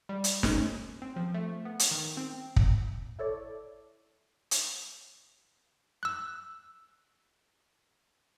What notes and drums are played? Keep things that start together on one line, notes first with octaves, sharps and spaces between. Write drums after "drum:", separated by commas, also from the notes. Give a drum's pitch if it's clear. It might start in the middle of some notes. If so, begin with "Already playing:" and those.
G3
drum: hi-hat
C#4, drum: snare
C4
F3
A3
B3
drum: hi-hat
D#3
C4
drum: kick
E4 A4 C#5 D5
drum: hi-hat
E6 F#6